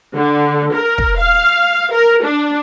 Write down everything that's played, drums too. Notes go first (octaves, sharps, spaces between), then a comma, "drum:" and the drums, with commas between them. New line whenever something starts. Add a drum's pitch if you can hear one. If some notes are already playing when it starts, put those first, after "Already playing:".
D3
A#4
drum: kick
F5
A#4
D4